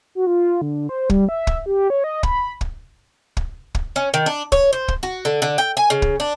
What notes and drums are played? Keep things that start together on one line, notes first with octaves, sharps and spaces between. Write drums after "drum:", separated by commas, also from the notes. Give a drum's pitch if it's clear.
F#4
F4
D3
C5
G3, drum: kick
E5
drum: kick
G4
C#5
D#5
B5, drum: kick
drum: kick
drum: kick
drum: kick
C#4
D#3
D4
C#5, drum: kick
C5
drum: kick
F#4
D3
D3
G5
G#5
C#3
drum: kick
D4